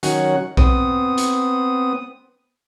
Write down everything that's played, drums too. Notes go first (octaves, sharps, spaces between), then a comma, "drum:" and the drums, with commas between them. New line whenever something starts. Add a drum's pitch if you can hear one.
D#3 F#3 C#4 F#5, drum: hi-hat
B3 C4 D#6, drum: kick B1
drum: hi-hat